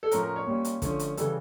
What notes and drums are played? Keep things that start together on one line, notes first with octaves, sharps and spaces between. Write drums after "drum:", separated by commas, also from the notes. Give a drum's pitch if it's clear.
A4
A2 F3 C#4 A#4, drum: hi-hat
A#4
C#5
A#2 G3 C#4
drum: hi-hat
D3 F3 A3 C#4, drum: kick, hi-hat
drum: hi-hat
C#3 E3 G3 A4, drum: hi-hat